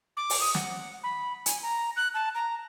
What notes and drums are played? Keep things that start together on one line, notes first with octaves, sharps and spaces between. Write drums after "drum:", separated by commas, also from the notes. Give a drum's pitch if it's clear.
D6
drum: open hi-hat
D#6
F#5, drum: snare
B5
G#5, drum: hi-hat
A#5
F#6
A5
A#5